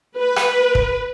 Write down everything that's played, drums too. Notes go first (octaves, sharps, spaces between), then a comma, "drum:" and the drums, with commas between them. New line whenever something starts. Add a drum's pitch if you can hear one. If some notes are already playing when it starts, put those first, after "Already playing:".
B4
drum: rim click
drum: kick